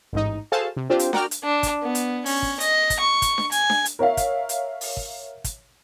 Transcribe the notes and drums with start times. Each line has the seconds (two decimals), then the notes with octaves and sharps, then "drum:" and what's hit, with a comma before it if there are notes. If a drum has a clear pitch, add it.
0.13 A1 G#2 D#4
0.52 F#4 G#4 A4 C5 F5 A5
0.77 C3
0.90 C4 D4 F4 G4 C5
0.99 drum: hi-hat
1.13 F#4 A#4 D5 G5 A#5 F6, drum: snare D4
1.31 drum: hi-hat
1.44 D4
1.63 drum: kick, hi-hat
1.82 B3
1.95 drum: hi-hat
2.26 C#4, drum: open hi-hat
2.42 drum: kick
2.60 D#5, drum: hi-hat
2.90 drum: kick, hi-hat
2.99 C#6
3.22 drum: kick, hi-hat
3.38 drum: snare D4
3.52 G#5, drum: hi-hat
3.70 drum: snare D4
3.85 drum: hi-hat
3.99 A#4 C#5 E5 F5
4.17 drum: kick, hi-hat
4.49 drum: hi-hat
4.81 drum: open hi-hat
4.97 drum: kick
5.44 drum: kick, hi-hat